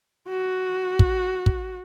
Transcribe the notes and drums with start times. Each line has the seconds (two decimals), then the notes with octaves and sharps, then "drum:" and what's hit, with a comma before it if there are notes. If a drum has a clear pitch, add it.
0.29 F#4
0.99 drum: kick
1.46 drum: kick